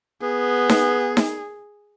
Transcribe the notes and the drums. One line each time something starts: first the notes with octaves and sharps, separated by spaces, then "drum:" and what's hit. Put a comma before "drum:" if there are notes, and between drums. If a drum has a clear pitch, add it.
B3 G#4
drum: snare D#4
drum: snare D#4